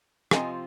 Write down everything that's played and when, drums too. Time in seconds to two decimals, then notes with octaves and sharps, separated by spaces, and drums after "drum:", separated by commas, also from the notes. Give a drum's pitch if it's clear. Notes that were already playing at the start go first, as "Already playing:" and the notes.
0.31 C3 F3 C4 F4 D#5 G#5, drum: rim click